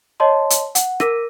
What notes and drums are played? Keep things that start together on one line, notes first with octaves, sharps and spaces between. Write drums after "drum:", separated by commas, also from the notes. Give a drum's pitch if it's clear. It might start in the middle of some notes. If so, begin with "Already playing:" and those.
C#5 D#5 A5 C6
drum: hi-hat
F#5, drum: hi-hat
A#4 D6 E6 A#6 B6 D#7, drum: rim click